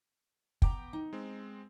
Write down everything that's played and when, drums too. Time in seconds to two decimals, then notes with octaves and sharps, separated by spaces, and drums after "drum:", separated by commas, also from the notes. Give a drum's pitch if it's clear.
0.62 B3 G5 A#5 D6, drum: kick
0.93 D#4
1.13 G#3 C4